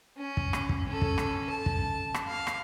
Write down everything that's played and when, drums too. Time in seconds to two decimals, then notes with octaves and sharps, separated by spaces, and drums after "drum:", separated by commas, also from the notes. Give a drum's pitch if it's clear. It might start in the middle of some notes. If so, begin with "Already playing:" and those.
0.17 C#4
0.37 drum: kick
0.53 drum: rim click
0.69 drum: kick
0.87 C#4 A4
1.02 drum: kick
1.18 drum: rim click
1.50 A5
1.66 drum: kick
2.14 drum: rim click
2.28 F5
2.47 drum: rim click